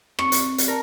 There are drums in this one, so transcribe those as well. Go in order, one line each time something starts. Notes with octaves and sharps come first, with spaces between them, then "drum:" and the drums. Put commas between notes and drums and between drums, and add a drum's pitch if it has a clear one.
C4 C#6, drum: rim click
drum: hi-hat
drum: hi-hat
A#4 D5 A5 A#5